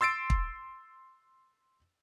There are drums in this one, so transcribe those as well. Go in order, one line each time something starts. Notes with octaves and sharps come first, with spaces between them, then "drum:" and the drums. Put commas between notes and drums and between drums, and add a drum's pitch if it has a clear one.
C6 E6 A6 C7 D7
drum: kick